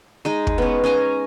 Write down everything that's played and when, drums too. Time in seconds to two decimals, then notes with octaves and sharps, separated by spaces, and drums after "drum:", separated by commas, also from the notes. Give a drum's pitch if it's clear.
0.25 G#3 D#4 D#5
0.47 drum: kick
0.58 B3 C#4
0.84 C#4 D#5 G#5 A#5